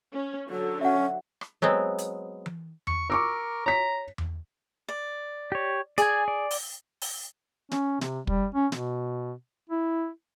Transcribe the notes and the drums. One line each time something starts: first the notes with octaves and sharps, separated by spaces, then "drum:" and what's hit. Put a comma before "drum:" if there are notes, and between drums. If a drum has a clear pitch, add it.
C#4
D3 F#3 A4
C#4 E5 F#5
drum: rim click
F#3 G#3 B3 C4
drum: hi-hat
drum: tom E3
C#6, drum: tom E2
A#4 C#6 D6 E6
C#5 A#5 B6
drum: tom E2
D5
G4 C#5
G#4 D5 G#5, drum: hi-hat
D5
drum: open hi-hat
drum: open hi-hat
C#4, drum: snare
C3, drum: snare
G3, drum: kick
C#4
B2, drum: snare
E4